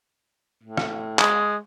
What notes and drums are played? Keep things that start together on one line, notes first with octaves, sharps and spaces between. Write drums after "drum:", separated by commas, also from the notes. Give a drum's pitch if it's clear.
A2
drum: rim click
G#3 D#6, drum: clap